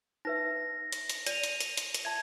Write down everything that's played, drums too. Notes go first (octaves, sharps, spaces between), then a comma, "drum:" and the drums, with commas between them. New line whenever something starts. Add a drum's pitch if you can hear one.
D#4 B4 E5 A#6
drum: hi-hat
drum: hi-hat
D5 D#7 F7, drum: hi-hat
drum: hi-hat
drum: hi-hat
drum: hi-hat
drum: hi-hat
E5 A5 G#6